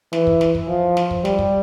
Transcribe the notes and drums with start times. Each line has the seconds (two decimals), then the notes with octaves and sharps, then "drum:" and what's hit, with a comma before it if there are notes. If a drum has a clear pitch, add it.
0.13 E3, drum: snare
0.27 drum: kick
0.41 drum: snare
0.55 drum: kick
0.69 F3
0.97 drum: snare
1.11 drum: kick
1.25 G3, drum: snare
1.39 drum: kick